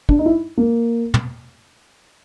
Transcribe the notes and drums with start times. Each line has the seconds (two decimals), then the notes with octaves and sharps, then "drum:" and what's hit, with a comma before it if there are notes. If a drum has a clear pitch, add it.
0.09 D4, drum: kick
0.19 D#4
0.26 E4
0.57 A#3
1.14 drum: tom